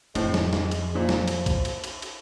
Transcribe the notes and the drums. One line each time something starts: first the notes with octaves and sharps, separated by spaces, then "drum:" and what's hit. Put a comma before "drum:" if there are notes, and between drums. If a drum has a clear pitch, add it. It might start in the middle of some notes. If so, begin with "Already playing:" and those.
F2 A2 G#3 C4, drum: cymbal
drum: snare
drum: snare
drum: cymbal
A#2 F3
drum: snare
drum: cymbal
drum: kick A#1, cymbal
drum: cymbal
drum: cymbal
drum: cymbal